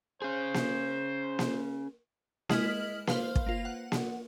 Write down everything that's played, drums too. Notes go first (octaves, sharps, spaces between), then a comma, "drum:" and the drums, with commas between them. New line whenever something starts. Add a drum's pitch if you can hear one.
C#4 G#4 C5
drum: snare A#3
drum: snare A#3
G#3 E4 D#5 F6 B6 F#7, drum: snare A#3
B4 C5 F5 F6, drum: snare A#3
drum: kick
A#3 F4
F#5
drum: snare A#3